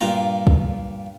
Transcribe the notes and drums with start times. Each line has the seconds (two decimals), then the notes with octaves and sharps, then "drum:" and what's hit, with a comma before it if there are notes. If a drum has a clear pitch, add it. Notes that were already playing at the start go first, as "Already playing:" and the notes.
0.01 G2 A#2 F4 A#5
0.47 drum: kick